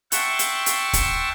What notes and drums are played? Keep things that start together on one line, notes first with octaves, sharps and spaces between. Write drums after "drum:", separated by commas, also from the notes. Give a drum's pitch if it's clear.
E5 F#5 G5 A5 C6 C#6, drum: hi-hat
drum: hi-hat
drum: hi-hat
drum: kick, hi-hat